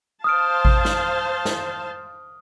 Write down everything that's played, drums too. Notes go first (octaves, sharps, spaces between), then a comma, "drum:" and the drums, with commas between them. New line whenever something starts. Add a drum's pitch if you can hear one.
C5 F5 A5 D#6 F6 D7
drum: kick A1
drum: snare
drum: snare